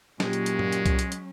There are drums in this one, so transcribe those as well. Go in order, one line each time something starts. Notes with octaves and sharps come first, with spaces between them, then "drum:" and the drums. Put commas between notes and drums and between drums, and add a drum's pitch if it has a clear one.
A#2 F#3 G#3 C#4 G4, drum: snare
drum: hi-hat
drum: hi-hat
drum: tom G2
drum: hi-hat
drum: kick C2, hi-hat
drum: hi-hat
drum: hi-hat